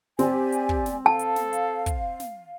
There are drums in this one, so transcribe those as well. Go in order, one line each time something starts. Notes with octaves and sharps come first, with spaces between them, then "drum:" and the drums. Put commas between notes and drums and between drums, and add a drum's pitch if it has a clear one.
C4 G4 D5 G#5, drum: snare
drum: hi-hat
drum: kick
drum: snare
A4 F5 A5
drum: hi-hat
drum: snare
drum: hi-hat
drum: kick, hi-hat
drum: snare